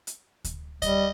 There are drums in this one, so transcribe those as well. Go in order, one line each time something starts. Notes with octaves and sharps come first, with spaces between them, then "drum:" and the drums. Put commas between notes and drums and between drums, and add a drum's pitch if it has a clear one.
drum: hi-hat
drum: kick D2, hi-hat
G3 D#5, drum: kick D2, hi-hat